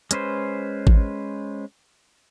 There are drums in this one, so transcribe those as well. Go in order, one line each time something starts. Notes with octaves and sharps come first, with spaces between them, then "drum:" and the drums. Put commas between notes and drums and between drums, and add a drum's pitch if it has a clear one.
G#3 C#4 B4 C5, drum: hi-hat
drum: kick G#1